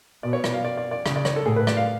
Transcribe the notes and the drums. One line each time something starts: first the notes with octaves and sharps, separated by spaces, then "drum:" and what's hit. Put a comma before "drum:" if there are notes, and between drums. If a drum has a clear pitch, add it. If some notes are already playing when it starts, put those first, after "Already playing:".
B2 D5
C#5
D5, drum: rim click
F5
D5
D5
D5
C#3 D5, drum: rim click
D5
C#5, drum: rim click
A4
A2 G#4
B4
D5, drum: rim click
F5